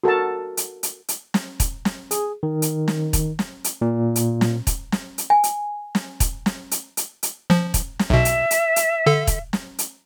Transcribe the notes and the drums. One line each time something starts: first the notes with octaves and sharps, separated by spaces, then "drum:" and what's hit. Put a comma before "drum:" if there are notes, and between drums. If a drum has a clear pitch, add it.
F#4 A4 A#4 A5
drum: hi-hat
drum: hi-hat
drum: hi-hat
drum: snare
drum: kick, hi-hat
drum: snare
G#4, drum: hi-hat
D#3
drum: hi-hat
drum: snare
drum: kick, hi-hat
drum: snare
drum: hi-hat
A#2
drum: hi-hat
drum: snare
drum: kick, hi-hat
drum: snare
drum: hi-hat
G#5
drum: hi-hat
drum: snare
drum: kick, hi-hat
drum: snare
drum: hi-hat
drum: hi-hat
drum: hi-hat
F3, drum: snare
drum: kick, hi-hat
drum: snare
B1 B2 E5
drum: hi-hat
drum: hi-hat
drum: hi-hat
D3 A4
drum: kick, hi-hat
drum: snare
drum: hi-hat